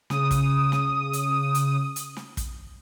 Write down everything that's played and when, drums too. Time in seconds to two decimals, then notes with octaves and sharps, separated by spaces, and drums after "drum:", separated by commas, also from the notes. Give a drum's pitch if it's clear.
0.10 C#3 D#6, drum: snare
0.31 drum: kick, hi-hat
0.72 drum: snare
1.13 drum: hi-hat
1.55 drum: hi-hat
1.96 drum: hi-hat
2.17 drum: snare
2.37 drum: kick, hi-hat